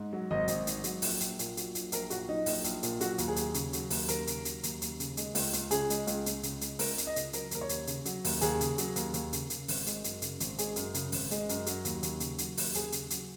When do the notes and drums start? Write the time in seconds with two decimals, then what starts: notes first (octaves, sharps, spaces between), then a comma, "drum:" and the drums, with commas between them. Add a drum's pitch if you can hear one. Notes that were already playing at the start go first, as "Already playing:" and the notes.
Already playing: G#2
0.13 F#3
0.31 G#1 D#5
0.48 G#1, drum: hi-hat
0.67 G#2, drum: hi-hat
0.84 F#3, drum: hi-hat
1.02 A#1, drum: open hi-hat
1.20 A#1, drum: hi-hat
1.39 A#2, drum: hi-hat
1.57 F#3, drum: hi-hat
1.75 A#1, drum: hi-hat
1.92 A#1 A#4, drum: hi-hat
2.10 A#2 F#4, drum: hi-hat
2.28 F#3 D#4
2.46 A#1, drum: open hi-hat
2.64 A#1, drum: hi-hat
2.83 A#2, drum: hi-hat
3.01 F#3 F#4, drum: hi-hat
3.18 D#2, drum: hi-hat
3.28 G#4
3.36 D#2, drum: hi-hat
3.54 C#3, drum: hi-hat
3.73 F#3, drum: hi-hat
3.90 D#2, drum: open hi-hat
4.08 D#2 A#4, drum: hi-hat
4.27 C#3, drum: hi-hat
4.45 F#3, drum: hi-hat
4.63 D#2, drum: hi-hat
4.82 D#2, drum: hi-hat
5.00 C#3, drum: hi-hat
5.17 G#3, drum: hi-hat
5.35 C#2, drum: open hi-hat
5.53 C#2, drum: hi-hat
5.71 C#3 G#4, drum: hi-hat
5.90 G#3, drum: hi-hat
6.07 C#2, drum: hi-hat
6.26 C#2, drum: hi-hat
6.43 C#3, drum: hi-hat
6.61 G#3, drum: hi-hat
6.79 C#2 A#4, drum: open hi-hat
6.98 C#2, drum: hi-hat
7.07 D#5
7.16 C#3, drum: hi-hat
7.33 F#3 A#4, drum: hi-hat
7.51 D#2 A#4, drum: hi-hat
7.61 C#5
7.69 D#2, drum: hi-hat
7.87 C#3, drum: hi-hat
8.05 F#3, drum: hi-hat
8.24 D#2, drum: open hi-hat
8.41 D#2 G#4, drum: hi-hat
8.61 C#3, drum: hi-hat
8.78 F#3, drum: hi-hat
8.96 D#2, drum: hi-hat
9.14 D#2, drum: hi-hat
9.33 C#3, drum: hi-hat
9.50 C#3, drum: hi-hat
9.68 G#1, drum: open hi-hat
9.87 G#3, drum: hi-hat
10.04 F#2, drum: hi-hat
10.22 C#3, drum: hi-hat
10.40 G#1, drum: hi-hat
10.58 G#3 G#4, drum: hi-hat
10.76 F#2, drum: hi-hat
10.94 C#3, drum: hi-hat
11.12 G#1, drum: open hi-hat
11.31 G#3, drum: hi-hat
11.49 F#2, drum: hi-hat
11.66 F#3, drum: hi-hat
11.85 D#2, drum: hi-hat
12.03 D#2, drum: hi-hat
12.20 C#3, drum: hi-hat
12.38 F#3, drum: hi-hat
12.57 D#2, drum: open hi-hat
12.74 D#2 G#4, drum: hi-hat
12.92 C#3, drum: hi-hat
13.10 F#3, drum: hi-hat